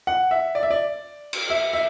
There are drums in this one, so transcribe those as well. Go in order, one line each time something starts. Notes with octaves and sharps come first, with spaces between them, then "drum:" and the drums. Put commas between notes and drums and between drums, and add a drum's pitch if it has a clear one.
F#5
E5
D5
E5
D5
drum: cymbal
E5
E5